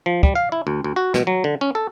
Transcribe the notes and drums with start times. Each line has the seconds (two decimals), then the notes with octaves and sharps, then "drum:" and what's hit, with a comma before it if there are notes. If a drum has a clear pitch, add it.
0.06 F3
0.23 G3, drum: kick
0.35 F5
0.52 E4
0.67 D2
0.84 D2
0.96 F#4
1.14 B2, drum: snare
1.27 F#3
1.44 D3
1.61 C#4
1.75 A4